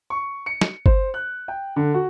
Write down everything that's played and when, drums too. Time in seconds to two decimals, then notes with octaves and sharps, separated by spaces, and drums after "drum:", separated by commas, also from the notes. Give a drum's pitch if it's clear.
0.10 C#6
0.46 C#7
0.61 drum: snare
0.86 C5, drum: kick G1
1.14 F#6
1.48 G5
1.76 D3
1.94 F#4